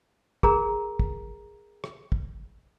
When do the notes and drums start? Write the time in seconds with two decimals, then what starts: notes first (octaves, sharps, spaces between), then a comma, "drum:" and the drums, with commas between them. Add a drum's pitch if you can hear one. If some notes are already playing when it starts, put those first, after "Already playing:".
0.43 G#4 A#4 A#5, drum: kick
0.99 drum: kick
1.84 drum: rim click
2.12 drum: kick